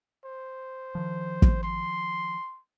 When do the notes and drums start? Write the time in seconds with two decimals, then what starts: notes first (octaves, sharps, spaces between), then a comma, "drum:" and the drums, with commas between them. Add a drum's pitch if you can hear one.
0.25 C5
0.95 D#3 F3
1.42 drum: kick
1.63 C6